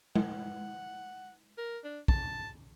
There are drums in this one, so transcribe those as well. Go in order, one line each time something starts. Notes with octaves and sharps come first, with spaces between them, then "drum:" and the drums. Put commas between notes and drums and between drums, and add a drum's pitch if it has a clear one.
F#5, drum: tom G#3
A#4
D4
A5, drum: kick